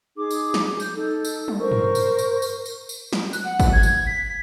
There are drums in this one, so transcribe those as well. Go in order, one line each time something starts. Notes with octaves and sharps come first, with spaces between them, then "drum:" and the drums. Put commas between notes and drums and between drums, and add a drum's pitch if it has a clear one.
D#4 G#4 D6
drum: tambourine
drum: snare
G6, drum: tambourine
D#4 A4
drum: tambourine
drum: tom F#3
A#4 C5 C#6
drum: tom G2
drum: tambourine
drum: tambourine
drum: tambourine
drum: tambourine
drum: tambourine
drum: snare
F#6, drum: tambourine
F#5
drum: kick, tambourine
G#6
drum: tambourine
B6